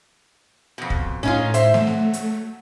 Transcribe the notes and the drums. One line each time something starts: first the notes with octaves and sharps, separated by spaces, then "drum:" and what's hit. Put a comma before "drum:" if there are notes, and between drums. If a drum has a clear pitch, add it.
F2 B2
drum: kick
A2 C#4 D#4 F4
C5 E5, drum: hi-hat
F#3 A3, drum: snare
drum: snare
drum: hi-hat